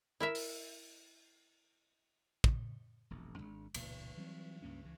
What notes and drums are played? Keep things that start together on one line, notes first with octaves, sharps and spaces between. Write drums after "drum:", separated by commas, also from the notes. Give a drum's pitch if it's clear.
E4 A#4 E5
drum: open hi-hat
drum: kick
E1 A#1 F#2
G#1 F2 G#3 D4
E1 C#2 A#2 A#3, drum: cymbal
E3 F#3 G3 C4
C#2 G2 A#3 C#4
C#2 E3